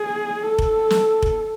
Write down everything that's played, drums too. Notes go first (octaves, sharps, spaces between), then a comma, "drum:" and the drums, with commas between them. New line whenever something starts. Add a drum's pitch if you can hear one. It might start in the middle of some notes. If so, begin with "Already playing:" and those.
Already playing: G#4
A4
drum: kick F1
drum: snare
drum: kick F1